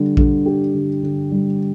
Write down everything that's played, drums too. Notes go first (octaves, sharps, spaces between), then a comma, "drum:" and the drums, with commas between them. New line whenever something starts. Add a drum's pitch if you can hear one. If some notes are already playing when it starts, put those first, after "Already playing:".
Already playing: D3 G3
D3, drum: kick A#1
G4
D3
D3
G3